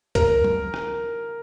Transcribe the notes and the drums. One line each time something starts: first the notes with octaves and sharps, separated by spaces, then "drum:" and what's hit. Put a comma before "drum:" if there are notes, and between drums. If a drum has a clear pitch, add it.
A#4, drum: kick C#2, hi-hat
drum: tom
drum: rim click